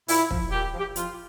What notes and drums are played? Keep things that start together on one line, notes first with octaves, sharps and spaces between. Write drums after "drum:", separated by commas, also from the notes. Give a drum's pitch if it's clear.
A#2 E4, drum: open hi-hat
F3, drum: kick
A#2 G4
F3
G4
F2 F4, drum: hi-hat